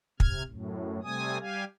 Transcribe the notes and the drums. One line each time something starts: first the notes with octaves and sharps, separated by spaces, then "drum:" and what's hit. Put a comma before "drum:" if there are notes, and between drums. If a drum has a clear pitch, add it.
C3 F6 G#6, drum: kick
F#2 A2
C3 G3 A3 C4 G#5 D#6
G3 G4 F5 G#5